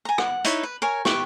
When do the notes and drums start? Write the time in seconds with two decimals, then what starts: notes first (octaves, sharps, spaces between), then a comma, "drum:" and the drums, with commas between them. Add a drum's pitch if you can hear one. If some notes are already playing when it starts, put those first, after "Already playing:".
0.05 G#5 A#5
0.18 F#5, drum: rim click
0.44 D#4 E4 B4 C#5, drum: hi-hat
0.63 B4
0.82 A#4 C#5 G#5
1.05 G4 B4 G5 C#6, drum: snare